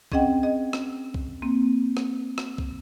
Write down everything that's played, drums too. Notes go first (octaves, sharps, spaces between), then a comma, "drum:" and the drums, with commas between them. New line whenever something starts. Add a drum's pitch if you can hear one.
C4 C#4 G#4 D#5 F#5 G5, drum: kick B1
G#4 D#5
drum: rim click
drum: kick B1
A#3 C4
drum: rim click
drum: rim click
drum: kick B1